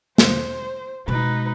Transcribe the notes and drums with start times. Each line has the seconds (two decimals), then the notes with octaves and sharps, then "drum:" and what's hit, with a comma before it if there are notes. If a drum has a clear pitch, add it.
0.18 C5, drum: snare
1.08 B2 G#3 D#4 B4